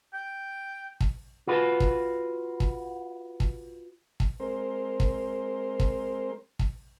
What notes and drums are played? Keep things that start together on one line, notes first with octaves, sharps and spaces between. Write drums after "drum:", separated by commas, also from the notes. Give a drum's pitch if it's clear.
G5
drum: kick
F4 F#4 B4
drum: kick
drum: kick
drum: kick
drum: kick
G#3 C4 A#4 C5
drum: kick
drum: kick
drum: kick